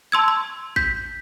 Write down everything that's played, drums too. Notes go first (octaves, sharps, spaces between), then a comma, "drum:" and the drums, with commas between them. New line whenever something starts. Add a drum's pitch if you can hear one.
A5 C6 E6 G#6
C6
G6 B6, drum: kick